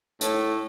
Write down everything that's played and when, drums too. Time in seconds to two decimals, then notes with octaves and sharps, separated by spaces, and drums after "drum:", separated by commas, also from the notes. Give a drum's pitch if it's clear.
0.21 A2, drum: hi-hat